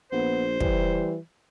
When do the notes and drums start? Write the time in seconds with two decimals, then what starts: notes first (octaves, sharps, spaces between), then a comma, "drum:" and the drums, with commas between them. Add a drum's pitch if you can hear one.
0.12 A#1 B3 C5
0.60 E3 G3, drum: kick